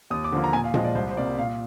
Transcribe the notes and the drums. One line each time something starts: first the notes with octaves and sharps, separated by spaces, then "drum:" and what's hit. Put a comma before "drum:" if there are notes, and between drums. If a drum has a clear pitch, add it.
D#2 D#6
D6
D3 F3 A#3
A#5
A#2 G#5
F5
F3 G#3 D#5, drum: tom A#2
D5
C2 C5
C5
C3 G3 A#3 D5
A#2 F5